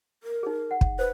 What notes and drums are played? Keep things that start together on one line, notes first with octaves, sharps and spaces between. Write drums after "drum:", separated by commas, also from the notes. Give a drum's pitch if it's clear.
A#4
D#4 G#4
F#5
drum: kick
B4 C5